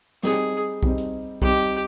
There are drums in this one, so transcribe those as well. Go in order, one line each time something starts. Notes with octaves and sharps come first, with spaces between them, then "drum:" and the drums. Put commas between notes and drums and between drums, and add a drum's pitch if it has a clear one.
G3 C4 D#4 G#4, drum: snare
G3 C4 D#4, drum: kick B1
drum: hi-hat
G3 C4 D#4 G4, drum: kick B1